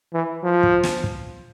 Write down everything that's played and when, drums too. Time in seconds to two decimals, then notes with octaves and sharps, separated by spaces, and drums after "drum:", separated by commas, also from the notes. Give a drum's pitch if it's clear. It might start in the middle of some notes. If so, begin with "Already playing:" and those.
0.13 E3
0.43 F3
0.63 drum: kick
0.83 drum: snare
1.04 drum: kick